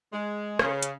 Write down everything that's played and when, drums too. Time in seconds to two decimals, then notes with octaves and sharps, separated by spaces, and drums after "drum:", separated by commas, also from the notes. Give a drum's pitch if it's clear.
0.12 G#3
0.59 C#3, drum: rim click
0.82 drum: hi-hat